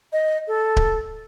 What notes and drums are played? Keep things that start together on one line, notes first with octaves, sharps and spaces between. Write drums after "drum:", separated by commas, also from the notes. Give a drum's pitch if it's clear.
D#5
A4
drum: kick D1